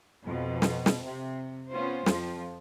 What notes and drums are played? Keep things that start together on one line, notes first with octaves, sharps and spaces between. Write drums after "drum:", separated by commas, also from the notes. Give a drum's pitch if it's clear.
F2 B2
drum: snare
drum: snare
C3
B3 C#4 F4 C5
F2 F3, drum: snare